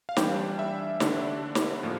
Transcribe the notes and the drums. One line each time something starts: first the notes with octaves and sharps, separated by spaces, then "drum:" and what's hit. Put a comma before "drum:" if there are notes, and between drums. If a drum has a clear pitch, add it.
F5
E3 G3 D4 G5, drum: snare
E5
D3 A3 D4, drum: snare
drum: snare
A2 F3 A#3